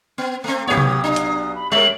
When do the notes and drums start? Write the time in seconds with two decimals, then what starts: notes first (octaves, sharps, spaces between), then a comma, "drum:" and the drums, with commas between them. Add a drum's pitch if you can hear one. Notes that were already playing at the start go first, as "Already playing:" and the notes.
0.18 B3
0.44 A3 C4
0.67 B1 B3 G4 C#5 D#6
0.77 drum: tom C3
1.04 D4
1.16 drum: hi-hat
1.55 B5
1.72 G3 A#4 C#5 E5 F#7